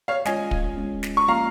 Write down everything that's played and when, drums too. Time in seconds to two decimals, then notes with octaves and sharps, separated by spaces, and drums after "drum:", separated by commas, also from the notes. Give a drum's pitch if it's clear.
0.08 C#5 F5
0.25 G#3 C#4 F4 D#5 G#5, drum: snare
0.51 drum: kick
0.77 G#3 C#4 F4
1.03 drum: snare
1.17 C#6
1.28 F3 A#3 C#4 F4 F5 A#5